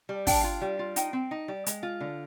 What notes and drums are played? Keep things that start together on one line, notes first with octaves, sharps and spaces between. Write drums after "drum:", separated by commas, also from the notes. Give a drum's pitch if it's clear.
G3
D4 G5, drum: kick, open hi-hat
F4
G3
F4
D#4 G5, drum: hi-hat
C4
D#4
G3
G#3, drum: hi-hat
F4
D3